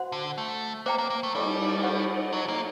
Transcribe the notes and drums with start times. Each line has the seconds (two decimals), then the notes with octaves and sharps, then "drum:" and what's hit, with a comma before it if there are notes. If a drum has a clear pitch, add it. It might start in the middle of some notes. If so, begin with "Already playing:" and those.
Already playing: F#4 C5 F#5 C6
0.12 D3
0.38 A3
0.86 A#3 C5 G5 A#5
0.98 A#3
1.10 A#3
1.23 A3
1.35 G3, drum: cymbal
1.83 G4 C5 F#5
2.33 F#3
2.48 A#3